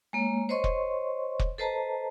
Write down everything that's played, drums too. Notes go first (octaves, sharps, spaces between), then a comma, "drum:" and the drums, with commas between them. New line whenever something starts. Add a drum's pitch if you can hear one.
G#3 A#3 C#5
C5 C#5 D#5 C6 C#6
drum: kick
drum: kick
A4 B4 C5 D#5 A5 A#5